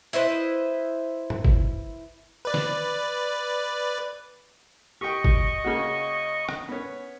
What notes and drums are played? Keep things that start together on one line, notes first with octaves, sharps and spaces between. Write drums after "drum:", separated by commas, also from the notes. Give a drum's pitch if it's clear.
E4 B4 C5 D#5
drum: tom G2
drum: kick
B4 D5
drum: snare
G4 D#5 G5 C#6
drum: kick
C#3 A#3 F#4
drum: rim click
B3 C#4